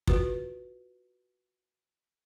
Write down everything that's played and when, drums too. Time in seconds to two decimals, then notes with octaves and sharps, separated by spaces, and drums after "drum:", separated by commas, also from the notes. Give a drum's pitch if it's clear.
0.07 F4 F#4 B4, drum: kick